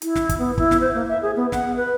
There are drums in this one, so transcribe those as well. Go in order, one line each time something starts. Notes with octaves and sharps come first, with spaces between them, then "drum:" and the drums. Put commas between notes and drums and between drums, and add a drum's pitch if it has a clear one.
E4, drum: hi-hat
drum: snare
drum: kick, hi-hat
B3
E4, drum: kick
drum: snare
C5
A#3
E5
G#4
B3
F#5, drum: snare
B4